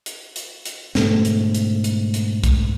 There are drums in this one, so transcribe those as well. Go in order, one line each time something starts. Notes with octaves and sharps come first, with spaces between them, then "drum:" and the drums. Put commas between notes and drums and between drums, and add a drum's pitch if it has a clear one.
drum: hi-hat
drum: hi-hat
drum: hi-hat
G#2 B2 D3 A3, drum: snare
drum: hi-hat
drum: hi-hat
drum: hi-hat
drum: hi-hat
drum: kick, hi-hat